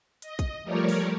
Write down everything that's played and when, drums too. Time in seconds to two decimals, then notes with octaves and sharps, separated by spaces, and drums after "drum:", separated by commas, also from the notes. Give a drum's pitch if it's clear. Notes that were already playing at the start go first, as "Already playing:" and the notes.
0.22 D#5, drum: hi-hat
0.39 drum: kick, hi-hat
0.63 F3 G3 A3 A#4 C#5 D5
0.89 drum: open hi-hat